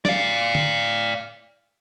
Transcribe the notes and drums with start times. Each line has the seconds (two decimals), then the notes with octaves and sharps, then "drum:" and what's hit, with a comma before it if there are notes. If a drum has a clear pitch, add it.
0.05 D5 F5, drum: snare
0.55 drum: tom D3